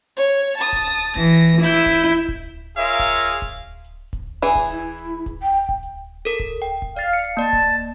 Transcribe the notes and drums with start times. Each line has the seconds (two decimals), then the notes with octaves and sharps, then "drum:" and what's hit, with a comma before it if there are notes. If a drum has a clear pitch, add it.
0.16 C#5
0.44 drum: hi-hat
0.56 A5 D#6
0.73 drum: kick D1, hi-hat
1.01 drum: hi-hat
1.16 E3 A#6, drum: kick D1
1.29 drum: hi-hat
1.61 E4 E6 G6
1.86 drum: kick D1, hi-hat
2.14 drum: hi-hat
2.29 drum: kick D1
2.43 drum: hi-hat
2.77 F4 G#4 A#4 C#5 E5 F5
2.99 drum: kick D1, hi-hat
3.28 drum: hi-hat
3.42 drum: kick D1
3.56 drum: hi-hat
3.84 drum: hi-hat
4.13 drum: kick D1, hi-hat
4.42 E3 G#4, drum: hi-hat
4.55 drum: kick D1
4.71 E4, drum: hi-hat
4.98 drum: hi-hat
5.26 drum: kick D1, hi-hat
5.42 G5
5.54 drum: hi-hat
5.69 drum: kick D1
5.83 drum: hi-hat
6.25 A4 A#4
6.40 drum: kick D1, hi-hat
6.62 G5
6.82 drum: kick D1
6.96 D5 F5 A6, drum: hi-hat
7.13 C#7
7.25 drum: hi-hat
7.37 A#3 D5 A5
7.53 drum: kick D1, hi-hat